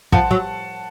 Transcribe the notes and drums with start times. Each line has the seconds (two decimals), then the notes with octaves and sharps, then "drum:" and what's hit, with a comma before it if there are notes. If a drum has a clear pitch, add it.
0.12 F3 F#5 A5, drum: kick
0.31 F#3